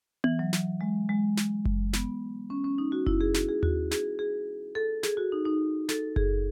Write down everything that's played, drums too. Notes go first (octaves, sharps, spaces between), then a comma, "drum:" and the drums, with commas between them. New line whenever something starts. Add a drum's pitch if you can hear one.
E3, drum: tom B3
F#3
drum: snare
G#3
G#3
drum: snare
drum: kick F#1
B3, drum: snare
C#4
C#4
D#4
F#4
E4, drum: kick F#1
G#4
F#4, drum: snare
G#4
F#4, drum: tom D#2
G#4, drum: snare
G#4
A4
G#4, drum: snare
F#4
D#4
D#4
A4, drum: snare
G#4, drum: kick F#1